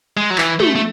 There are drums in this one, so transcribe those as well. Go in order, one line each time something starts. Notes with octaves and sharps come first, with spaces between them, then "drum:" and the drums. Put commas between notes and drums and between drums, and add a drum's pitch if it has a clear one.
G#3
F#3
E3, drum: clap
A3, drum: tom
A3